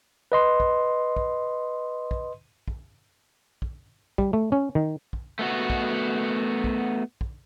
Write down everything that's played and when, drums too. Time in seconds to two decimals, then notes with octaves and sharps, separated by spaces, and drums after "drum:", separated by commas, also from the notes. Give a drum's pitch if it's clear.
0.32 B4 D#5 C6
0.60 drum: kick
1.16 drum: kick
2.11 drum: kick
2.68 drum: kick
3.62 drum: kick
4.18 G3, drum: kick
4.33 A3
4.52 C#4
4.75 D#3
5.13 drum: kick
5.39 A3 B3 F#4
5.70 drum: kick
6.64 drum: kick
7.21 drum: kick